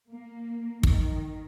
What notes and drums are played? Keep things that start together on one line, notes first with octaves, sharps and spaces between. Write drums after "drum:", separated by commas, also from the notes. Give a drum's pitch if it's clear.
A#3
D#3, drum: kick